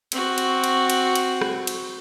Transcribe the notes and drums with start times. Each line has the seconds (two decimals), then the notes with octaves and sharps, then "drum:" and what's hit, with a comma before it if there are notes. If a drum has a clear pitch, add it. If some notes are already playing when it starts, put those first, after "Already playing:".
0.12 C4 F#4, drum: cymbal
0.38 drum: cymbal
0.64 drum: cymbal
0.90 drum: cymbal
1.16 drum: cymbal
1.41 drum: rim click
1.67 drum: cymbal